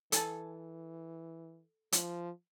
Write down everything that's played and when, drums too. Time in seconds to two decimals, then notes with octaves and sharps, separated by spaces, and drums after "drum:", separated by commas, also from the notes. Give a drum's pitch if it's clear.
0.12 E3 A4 G#5 A5, drum: hi-hat
1.92 F3, drum: hi-hat